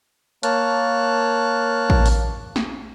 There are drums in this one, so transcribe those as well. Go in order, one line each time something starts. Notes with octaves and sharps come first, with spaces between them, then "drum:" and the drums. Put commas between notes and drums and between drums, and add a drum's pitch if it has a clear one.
A#3 C#5 A5 F6 F#6, drum: hi-hat
drum: kick
drum: open hi-hat
drum: snare